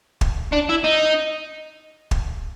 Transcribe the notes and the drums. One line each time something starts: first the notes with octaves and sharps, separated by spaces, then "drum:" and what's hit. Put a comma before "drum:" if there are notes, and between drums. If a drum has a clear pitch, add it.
drum: kick
D4
E4
D#4
drum: kick